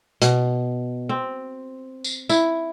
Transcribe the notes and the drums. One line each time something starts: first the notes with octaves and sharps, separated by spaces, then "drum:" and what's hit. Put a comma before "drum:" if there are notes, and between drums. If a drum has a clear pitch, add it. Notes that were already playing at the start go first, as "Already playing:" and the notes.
B2, drum: hi-hat
C4
drum: tambourine
E4, drum: tambourine